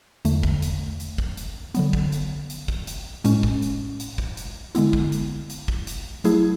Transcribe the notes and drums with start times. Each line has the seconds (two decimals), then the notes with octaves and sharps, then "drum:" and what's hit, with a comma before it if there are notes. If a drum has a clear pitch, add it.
0.25 E2 D3 A3, drum: hi-hat
0.43 drum: kick
0.62 drum: hi-hat
1.00 drum: hi-hat
1.18 drum: kick
1.37 drum: hi-hat
1.74 D3 F#3 B3, drum: hi-hat
1.93 drum: kick
2.12 drum: hi-hat
2.50 drum: hi-hat
2.68 drum: kick
2.87 drum: hi-hat
3.24 A2 G#3 C#4, drum: hi-hat
3.43 drum: kick
3.62 drum: hi-hat
4.00 drum: hi-hat
4.18 drum: kick
4.37 drum: hi-hat
4.75 D3 G#3 B3 E4, drum: hi-hat
4.93 drum: kick
5.12 drum: hi-hat
5.49 drum: hi-hat
5.68 drum: kick
5.87 drum: hi-hat
6.24 F#3 A3 E4 G#4, drum: hi-hat